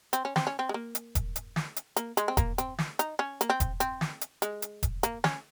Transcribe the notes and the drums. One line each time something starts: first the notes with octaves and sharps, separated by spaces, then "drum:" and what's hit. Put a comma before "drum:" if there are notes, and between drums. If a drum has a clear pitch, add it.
C4, drum: hi-hat
C#4
C4, drum: snare
C#4
C4
G#3
A#3
drum: hi-hat
drum: kick E1, hi-hat
drum: hi-hat
drum: snare
drum: hi-hat
A#3, drum: hi-hat
G#3, drum: hi-hat
C4
A#3, drum: kick E1, hi-hat
C4, drum: hi-hat
drum: snare
D#4, drum: hi-hat
C#4
A#3, drum: hi-hat
C4
drum: kick E1, hi-hat
C4, drum: hi-hat
drum: snare
drum: hi-hat
G#3, drum: hi-hat
drum: hi-hat
drum: kick E1, hi-hat
A#3, drum: hi-hat
C#4, drum: snare